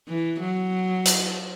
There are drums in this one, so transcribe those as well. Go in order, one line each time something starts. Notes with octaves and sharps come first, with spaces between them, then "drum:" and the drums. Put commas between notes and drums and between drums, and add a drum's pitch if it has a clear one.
E3
F#3
drum: hi-hat